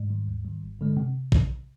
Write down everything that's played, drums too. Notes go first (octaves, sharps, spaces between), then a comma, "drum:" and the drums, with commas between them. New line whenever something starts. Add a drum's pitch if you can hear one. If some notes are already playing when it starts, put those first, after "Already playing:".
Already playing: G#2
D#3 G3
D#2
D#3 G3
G#1
G2 D3 G#3
C3
drum: kick